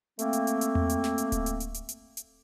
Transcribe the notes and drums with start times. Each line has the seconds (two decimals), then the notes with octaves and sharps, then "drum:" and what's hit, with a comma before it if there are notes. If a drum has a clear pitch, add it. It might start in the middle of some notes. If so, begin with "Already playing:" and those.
0.19 A3 A#3 C4, drum: hi-hat
0.33 drum: hi-hat
0.47 drum: hi-hat
0.61 drum: hi-hat
0.75 drum: tom E2
0.89 drum: hi-hat
1.04 drum: snare
1.18 drum: hi-hat
1.32 drum: kick D1, hi-hat
1.46 drum: hi-hat
1.60 drum: hi-hat
1.74 drum: hi-hat
1.89 drum: hi-hat
2.17 drum: hi-hat